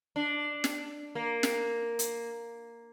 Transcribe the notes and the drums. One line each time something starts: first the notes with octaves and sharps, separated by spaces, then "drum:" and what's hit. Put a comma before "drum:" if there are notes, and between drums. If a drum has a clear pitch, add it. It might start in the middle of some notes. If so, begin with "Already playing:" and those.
D4
drum: snare
A#3
drum: snare
drum: hi-hat